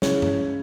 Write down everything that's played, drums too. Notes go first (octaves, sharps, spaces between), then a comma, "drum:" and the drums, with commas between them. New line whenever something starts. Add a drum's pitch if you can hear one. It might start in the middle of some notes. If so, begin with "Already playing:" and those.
C#3 G#3 C#4 E4 C#5, drum: snare
drum: tom G2